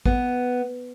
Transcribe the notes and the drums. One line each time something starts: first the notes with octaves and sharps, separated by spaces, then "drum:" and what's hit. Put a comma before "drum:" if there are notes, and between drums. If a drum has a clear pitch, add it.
B3, drum: kick